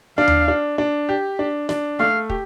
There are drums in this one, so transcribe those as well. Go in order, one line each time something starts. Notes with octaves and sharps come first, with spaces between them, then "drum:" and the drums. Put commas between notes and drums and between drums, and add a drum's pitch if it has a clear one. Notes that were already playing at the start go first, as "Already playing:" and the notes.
D4 F5
drum: tom D#2
D4
D4
G4
D4
D4, drum: snare
A3 F5
G4, drum: kick